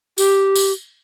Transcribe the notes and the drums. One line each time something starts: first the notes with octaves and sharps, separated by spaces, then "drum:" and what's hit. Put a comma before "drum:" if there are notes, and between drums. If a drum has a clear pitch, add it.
G4, drum: tambourine
drum: tambourine